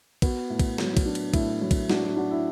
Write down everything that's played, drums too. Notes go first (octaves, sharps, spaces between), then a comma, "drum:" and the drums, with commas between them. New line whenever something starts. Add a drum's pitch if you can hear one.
B3 F#4, drum: kick, cymbal
A2
drum: kick, cymbal
F#3, drum: snare
drum: kick, cymbal
D4
drum: cymbal
A2 E4, drum: kick, cymbal
F#3 E4
drum: kick, cymbal
D4 F#4, drum: snare
F#4
D4 F#4
E4